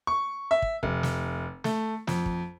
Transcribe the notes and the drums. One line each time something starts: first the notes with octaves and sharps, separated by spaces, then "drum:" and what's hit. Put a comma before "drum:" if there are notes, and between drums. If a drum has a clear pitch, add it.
C#6
E5
drum: kick
F1, drum: kick
drum: snare
A3, drum: snare
F2, drum: snare
drum: kick